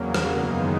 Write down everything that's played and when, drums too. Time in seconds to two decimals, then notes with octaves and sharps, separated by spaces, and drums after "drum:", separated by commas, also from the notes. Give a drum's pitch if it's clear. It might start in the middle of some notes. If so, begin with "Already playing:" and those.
Already playing: E2 C#3 F#3 A#3
0.14 drum: rim click
0.42 F#2 D#3 G#3 B3 D#4